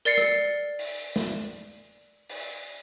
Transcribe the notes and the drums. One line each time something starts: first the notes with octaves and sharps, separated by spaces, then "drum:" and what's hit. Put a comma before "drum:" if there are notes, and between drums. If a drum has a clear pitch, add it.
A#4 D5 A6 C7 C#7
drum: rim click
drum: open hi-hat
drum: snare
drum: open hi-hat